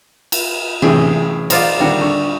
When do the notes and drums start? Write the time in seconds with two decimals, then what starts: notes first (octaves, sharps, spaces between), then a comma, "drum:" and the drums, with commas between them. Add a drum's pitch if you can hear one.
0.32 drum: cymbal
0.82 F#2 A2 C3 E3 G#4 G5
1.50 D#4 F4 C5 D5 F#5, drum: cymbal
1.79 D3 D#3 G3 D4 F#4
2.01 D3 C#6